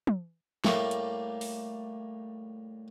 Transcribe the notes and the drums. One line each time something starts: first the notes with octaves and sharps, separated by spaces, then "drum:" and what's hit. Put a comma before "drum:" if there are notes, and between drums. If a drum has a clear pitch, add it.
drum: tom
A2 G3 A3 A#3, drum: snare
drum: hi-hat
drum: open hi-hat